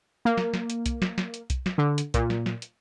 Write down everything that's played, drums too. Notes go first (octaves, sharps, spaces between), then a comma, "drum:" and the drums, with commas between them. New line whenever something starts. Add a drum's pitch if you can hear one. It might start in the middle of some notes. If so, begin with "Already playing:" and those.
A#3
drum: snare
drum: snare
drum: hi-hat
drum: kick B1, hi-hat
drum: snare
drum: snare
drum: hi-hat
drum: kick B1, hi-hat
drum: snare
D3
drum: hi-hat
A#2, drum: kick B1, hi-hat
drum: snare
drum: snare
drum: hi-hat